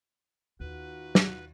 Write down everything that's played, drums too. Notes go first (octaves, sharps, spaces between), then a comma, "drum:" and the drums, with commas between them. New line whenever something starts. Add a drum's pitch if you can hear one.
D#2 D#4 F4 F#4 B4
drum: snare